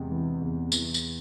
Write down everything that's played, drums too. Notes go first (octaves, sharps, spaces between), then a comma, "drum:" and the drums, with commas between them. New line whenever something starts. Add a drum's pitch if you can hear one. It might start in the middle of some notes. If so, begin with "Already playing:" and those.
Already playing: E2 C3 G#3
E3
E2
E3, drum: tambourine
drum: tambourine